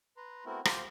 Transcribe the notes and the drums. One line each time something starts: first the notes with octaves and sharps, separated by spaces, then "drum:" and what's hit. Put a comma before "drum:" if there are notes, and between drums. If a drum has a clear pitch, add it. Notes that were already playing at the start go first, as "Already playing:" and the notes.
B4 A#5 C6
A3 B3 C4 E4 F#4 A#4
F4 G4 C5, drum: rim click